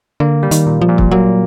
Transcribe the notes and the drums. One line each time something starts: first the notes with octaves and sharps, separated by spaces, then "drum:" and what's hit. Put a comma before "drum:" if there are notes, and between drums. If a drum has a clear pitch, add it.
D3 A#3
G3
D#3, drum: hi-hat
A#2
F3
A#2
drum: kick
F#3 A#3